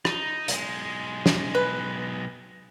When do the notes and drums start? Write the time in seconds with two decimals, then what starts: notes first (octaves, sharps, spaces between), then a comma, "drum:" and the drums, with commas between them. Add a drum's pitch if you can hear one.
0.05 D#4, drum: rim click
0.48 B1 G#3, drum: hi-hat
1.26 drum: snare
1.55 B4